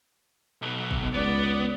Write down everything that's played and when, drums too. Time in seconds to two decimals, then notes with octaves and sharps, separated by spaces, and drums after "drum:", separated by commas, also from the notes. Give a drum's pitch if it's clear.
0.62 B1 B2
0.91 drum: kick
1.14 C#2 B3 D5